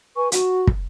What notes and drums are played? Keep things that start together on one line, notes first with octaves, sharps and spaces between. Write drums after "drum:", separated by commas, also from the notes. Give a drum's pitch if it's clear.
B4 G#5 C#6
F#4, drum: hi-hat
drum: kick